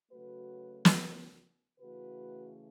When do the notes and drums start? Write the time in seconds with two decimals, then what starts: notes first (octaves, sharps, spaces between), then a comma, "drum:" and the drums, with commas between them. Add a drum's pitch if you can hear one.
0.11 C#3 F#3 A3 F#4 B4
0.85 drum: snare
1.80 C#3 E3 A3 F#4 B4